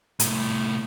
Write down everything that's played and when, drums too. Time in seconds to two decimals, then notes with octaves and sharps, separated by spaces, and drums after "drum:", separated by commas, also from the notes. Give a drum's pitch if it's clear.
0.20 C2 A2, drum: hi-hat